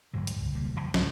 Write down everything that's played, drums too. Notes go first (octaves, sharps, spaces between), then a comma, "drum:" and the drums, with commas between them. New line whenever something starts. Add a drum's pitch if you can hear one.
A1 G2 D3 F#3
D2, drum: hi-hat
C#2
E1 C#2 G3 A#3
E2 F#3
C#2 G#2, drum: snare